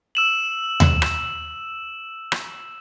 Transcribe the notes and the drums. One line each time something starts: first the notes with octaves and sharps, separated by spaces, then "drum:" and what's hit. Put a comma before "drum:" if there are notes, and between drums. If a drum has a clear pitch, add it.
E6 E7 F#7
drum: tom D#2
drum: rim click
drum: rim click